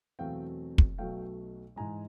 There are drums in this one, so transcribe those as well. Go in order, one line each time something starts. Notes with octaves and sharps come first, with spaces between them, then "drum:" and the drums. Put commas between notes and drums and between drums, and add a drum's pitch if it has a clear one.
E2 B2 F#3 A3 C4 F5 G5
drum: kick
B1 B2 F#3 A3 F5 G5
G#2 E3 G#3 G#5 A#5